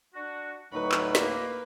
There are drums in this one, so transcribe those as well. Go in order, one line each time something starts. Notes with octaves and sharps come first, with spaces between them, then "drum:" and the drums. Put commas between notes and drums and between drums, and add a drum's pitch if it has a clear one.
D4 F#4
D2 A2 F#3 D#4 B4 C#6
drum: clap
A#3, drum: snare